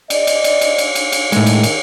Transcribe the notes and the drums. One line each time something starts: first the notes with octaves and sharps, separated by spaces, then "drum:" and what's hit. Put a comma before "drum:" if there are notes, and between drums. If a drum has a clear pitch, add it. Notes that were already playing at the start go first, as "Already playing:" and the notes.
D5 D#5, drum: cymbal
drum: cymbal
drum: cymbal
drum: cymbal
drum: cymbal
drum: cymbal
drum: cymbal
A2 D#3 G#3, drum: cymbal
drum: cymbal
drum: cymbal